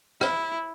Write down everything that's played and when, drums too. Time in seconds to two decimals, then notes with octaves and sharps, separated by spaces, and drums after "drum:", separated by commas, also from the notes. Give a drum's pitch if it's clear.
0.21 E4, drum: rim click